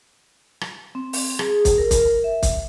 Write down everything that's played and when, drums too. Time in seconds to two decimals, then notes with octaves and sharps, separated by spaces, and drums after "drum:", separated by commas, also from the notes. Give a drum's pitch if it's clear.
0.61 drum: rim click
0.95 C4
1.13 drum: open hi-hat
1.39 G#4, drum: rim click
1.65 drum: kick, hi-hat
1.78 A#4
1.91 drum: kick, hi-hat
2.24 E5
2.43 drum: kick, hi-hat